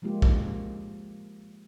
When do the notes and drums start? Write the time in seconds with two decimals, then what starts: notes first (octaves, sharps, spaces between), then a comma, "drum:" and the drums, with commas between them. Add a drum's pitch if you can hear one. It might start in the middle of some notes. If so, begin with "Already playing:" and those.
0.02 F3 G#3 A#3 F4 G4
0.22 drum: kick